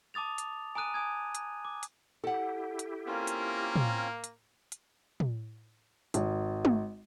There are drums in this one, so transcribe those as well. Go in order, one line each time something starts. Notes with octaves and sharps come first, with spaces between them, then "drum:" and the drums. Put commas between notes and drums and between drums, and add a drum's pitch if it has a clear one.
A5 D6 D#6 A6 F7
drum: hi-hat
G#5 A#5 D#6 F#6 D#7
G#5 D#6 G#6
drum: hi-hat
D6
drum: hi-hat
E4 G4 A4 F#5
drum: hi-hat
A#3 C4 C#4 F4
drum: hi-hat
drum: tom
drum: hi-hat
drum: hi-hat
drum: tom
G#1, drum: hi-hat
drum: tom